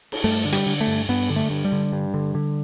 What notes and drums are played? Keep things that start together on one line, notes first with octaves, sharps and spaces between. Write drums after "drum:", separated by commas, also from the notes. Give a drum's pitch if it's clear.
drum: cymbal
G2 A3
D3
G3, drum: hi-hat
D3
A3
G2
G2 B3
D3
A3
G2
G3
D3
G2
D3
D3